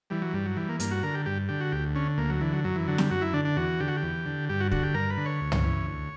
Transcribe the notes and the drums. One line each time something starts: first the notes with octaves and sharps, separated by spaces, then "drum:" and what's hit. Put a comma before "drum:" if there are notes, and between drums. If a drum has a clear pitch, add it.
E3 G3
F#3
G2 G3
F#3
E3 G3
A#3
G2 A#3, drum: hi-hat
F#4
D3 A#4
G4
G2 G4
D3 G4
F#4
D2 G4
D3 C#4
D2 A#3
F#3
D3 E3
F#3
F#2 F#3
E3
D3 F#3
G3, drum: snare
F#2 F#4
E4
D3 D4
D4
E2 F#4
D3 G4
F#4
G4
E2
D3
G2 G4
F#4
D3 F#4, drum: kick
G4
G2 A#4
B4
D3
C#5
D2
drum: tom
C#3 E3
D2